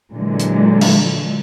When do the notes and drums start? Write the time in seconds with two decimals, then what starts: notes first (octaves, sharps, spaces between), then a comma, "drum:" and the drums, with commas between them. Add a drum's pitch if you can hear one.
0.12 A#2 D3 E3 F#3 G#3
0.40 drum: hi-hat
0.81 drum: cymbal